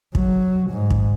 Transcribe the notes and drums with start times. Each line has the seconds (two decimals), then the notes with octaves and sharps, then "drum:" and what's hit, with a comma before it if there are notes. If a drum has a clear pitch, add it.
0.15 F#3, drum: kick
0.70 G#2
0.90 drum: kick